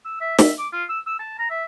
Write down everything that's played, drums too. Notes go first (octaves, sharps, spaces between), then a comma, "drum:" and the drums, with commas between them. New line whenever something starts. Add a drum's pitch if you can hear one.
E6
E5
E5, drum: snare
D6
F4
E6
E6
A5
A#5
E5